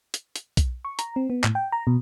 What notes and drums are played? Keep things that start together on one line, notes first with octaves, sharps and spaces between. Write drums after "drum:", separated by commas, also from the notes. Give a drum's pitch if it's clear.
drum: hi-hat
drum: hi-hat
drum: kick B1, hi-hat
C#6
A#5, drum: hi-hat
C4
B3
A2, drum: clap
G5
A#5
B2